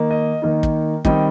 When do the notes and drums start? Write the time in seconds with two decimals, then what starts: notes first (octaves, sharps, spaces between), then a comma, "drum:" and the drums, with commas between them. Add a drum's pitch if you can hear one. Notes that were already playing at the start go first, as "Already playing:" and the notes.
Already playing: D#3 A#3 D#4
0.11 D#5
0.42 D#3 A#3 D#4
0.63 drum: kick
1.05 D#3 G3 C4 D#4 D#5 G5, drum: kick